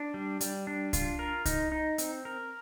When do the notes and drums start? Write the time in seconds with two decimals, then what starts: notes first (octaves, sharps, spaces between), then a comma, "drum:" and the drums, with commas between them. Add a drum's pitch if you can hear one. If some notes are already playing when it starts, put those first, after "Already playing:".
Already playing: D4
0.14 G3
0.41 G3, drum: hi-hat
0.67 D4
0.93 F4, drum: kick C2, hi-hat
1.19 A#4
1.45 D#4, drum: kick C2, hi-hat
1.72 D#4
1.98 C4, drum: hi-hat
2.25 A#4